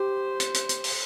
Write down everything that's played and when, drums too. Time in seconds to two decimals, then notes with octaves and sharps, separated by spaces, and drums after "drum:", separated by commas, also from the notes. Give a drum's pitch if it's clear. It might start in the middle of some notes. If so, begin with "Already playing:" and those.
Already playing: G4 C5
0.40 drum: hi-hat
0.54 drum: hi-hat
0.69 drum: hi-hat
0.84 drum: open hi-hat